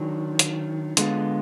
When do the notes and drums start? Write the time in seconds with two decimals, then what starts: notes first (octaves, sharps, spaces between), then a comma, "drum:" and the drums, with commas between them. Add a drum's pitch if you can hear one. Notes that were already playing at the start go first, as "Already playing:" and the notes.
Already playing: D#3 F#3 D4
0.39 drum: hi-hat
0.97 D3 G#3 B3 F4, drum: hi-hat